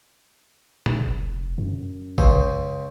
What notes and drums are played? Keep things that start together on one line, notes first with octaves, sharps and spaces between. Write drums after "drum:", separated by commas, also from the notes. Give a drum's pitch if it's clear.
drum: tom A#2
F1
F#2
C#2 C#3 C5, drum: kick G#1